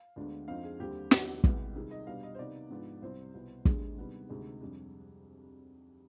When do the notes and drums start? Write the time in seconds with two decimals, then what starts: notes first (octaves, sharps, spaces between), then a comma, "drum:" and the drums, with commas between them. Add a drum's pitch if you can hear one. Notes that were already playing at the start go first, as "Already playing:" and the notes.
Already playing: F5
0.16 D2 D3 G#3 B3 D4
0.48 F2 D3 F3 C4 D#4 F5
0.64 G#4
0.80 D#2 D3 G3 C4 G4
1.11 D#2 D3 F3 B3 D#4 G4, drum: snare
1.44 C2 B2 G#3 B3, drum: kick
1.75 C3 D#3 G3 G#4
1.91 D#5
2.07 B2 G3 D4 F5
2.23 D#5
2.35 C5
2.39 C3 D#3 B3 D#4 D5
2.71 G#2 F3 B3 D4
3.02 C2 C3 G3 C4 C5
3.34 C2 B2 B3
3.65 D#2 D3 G#3 D4 G#4, drum: kick
3.98 C3 D#3 G3 B3 D4
4.29 D2 C3 D#3 G#3 G#4
4.61 F2 C3 G3 D4